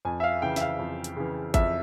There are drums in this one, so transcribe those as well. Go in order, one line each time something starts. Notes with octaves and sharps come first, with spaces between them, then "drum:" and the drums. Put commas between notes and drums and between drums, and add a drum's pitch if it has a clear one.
F2 G#5
E5
F5
C#3 E3 G5
E5, drum: snare
F5
F2
drum: hi-hat
C#3 E3
F2 E5, drum: kick G#1, hi-hat